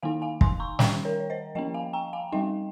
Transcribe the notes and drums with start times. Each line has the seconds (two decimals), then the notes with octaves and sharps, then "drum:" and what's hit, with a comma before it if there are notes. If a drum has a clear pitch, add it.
0.03 D#3 A#3 D#4 F5 G#5
0.22 F5 G#5
0.41 G#5 C6, drum: kick
0.60 A#5 C#6
0.79 D#3 G3 C#4 G5 A#5, drum: snare
1.05 A#4 C#5
1.20 C#5
1.30 C5 D#5
1.55 F3 A#3 C#4 D#5 G5
1.74 F5 G#5
1.93 G5 A#5
2.13 F5 G#5
2.32 G3 C4 D#4 D#5 G5